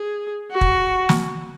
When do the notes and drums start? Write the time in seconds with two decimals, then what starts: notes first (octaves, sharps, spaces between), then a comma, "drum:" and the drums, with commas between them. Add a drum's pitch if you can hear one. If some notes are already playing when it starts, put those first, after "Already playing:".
Already playing: G#4
0.52 F#4
0.61 drum: kick
1.09 drum: snare